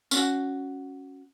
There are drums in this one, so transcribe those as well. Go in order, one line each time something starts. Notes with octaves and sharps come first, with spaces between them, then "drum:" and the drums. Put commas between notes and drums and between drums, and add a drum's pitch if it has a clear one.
C#4 F4 F#4, drum: tambourine